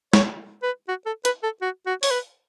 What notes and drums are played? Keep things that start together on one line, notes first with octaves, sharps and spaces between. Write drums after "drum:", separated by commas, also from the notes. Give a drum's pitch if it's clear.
C#5, drum: snare
B4
F#4
A4
B4, drum: hi-hat
A4
F#4
F#4
C#5, drum: open hi-hat
B4